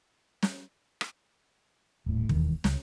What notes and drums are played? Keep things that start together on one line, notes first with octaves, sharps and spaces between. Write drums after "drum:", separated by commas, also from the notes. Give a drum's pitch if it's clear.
drum: snare
drum: rim click
D#1 A2
E1 D#2 D#3 E3, drum: kick
C#2, drum: snare